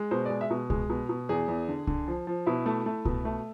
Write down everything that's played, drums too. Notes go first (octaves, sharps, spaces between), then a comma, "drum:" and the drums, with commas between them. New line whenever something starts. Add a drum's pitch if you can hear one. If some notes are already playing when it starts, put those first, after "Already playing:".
Already playing: G#3
B2 C5
G#3 D5
E5
B2
G#3, drum: kick C2
B2
B2
E2 G#4
E2
D3
D3, drum: kick C2
F3
F3
B2 E4
A3
A3
B2, drum: kick C2
A3